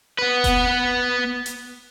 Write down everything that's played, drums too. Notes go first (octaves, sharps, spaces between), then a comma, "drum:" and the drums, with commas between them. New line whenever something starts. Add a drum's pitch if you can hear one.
B3 B4
drum: kick F1, hi-hat
drum: hi-hat